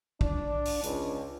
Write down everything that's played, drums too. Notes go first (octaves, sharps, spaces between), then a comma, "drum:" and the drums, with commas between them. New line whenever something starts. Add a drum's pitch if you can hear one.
D4, drum: kick
drum: open hi-hat
C#2, drum: hi-hat